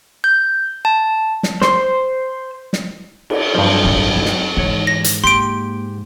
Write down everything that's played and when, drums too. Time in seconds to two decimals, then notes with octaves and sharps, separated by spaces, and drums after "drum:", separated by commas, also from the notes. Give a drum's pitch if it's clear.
0.24 G6
0.85 A5
1.43 drum: snare
1.62 C5 C6, drum: snare
2.73 drum: snare
3.30 drum: cymbal
3.55 G2 F3 F#3 C4
3.84 A1 D3
4.16 F2
4.26 drum: snare
4.57 G#2 E3 C#5 F#5
4.87 A#6
5.04 drum: hi-hat
5.24 A#3 G4 C6 D7